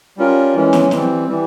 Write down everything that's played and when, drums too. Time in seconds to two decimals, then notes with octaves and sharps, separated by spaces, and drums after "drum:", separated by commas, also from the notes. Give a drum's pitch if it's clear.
0.17 G3 C#4 F4 A#4
0.54 E3 G#3 C#4
0.73 drum: snare
0.91 E3 G3 C4, drum: snare
1.28 E3 G3